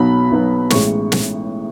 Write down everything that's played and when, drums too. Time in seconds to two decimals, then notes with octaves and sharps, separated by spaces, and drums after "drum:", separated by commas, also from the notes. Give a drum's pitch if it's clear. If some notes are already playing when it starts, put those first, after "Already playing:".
Already playing: B1 B2 F#3 B3 B5
0.31 B1 B2 F#3 B3
0.70 A1 A2 G#3 C#6, drum: snare
1.12 drum: snare